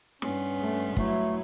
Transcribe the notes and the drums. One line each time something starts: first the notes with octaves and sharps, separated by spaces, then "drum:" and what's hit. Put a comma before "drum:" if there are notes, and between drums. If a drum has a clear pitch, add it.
G2 B3 C#4 C6, drum: snare
A3
F#3 A3 E4, drum: kick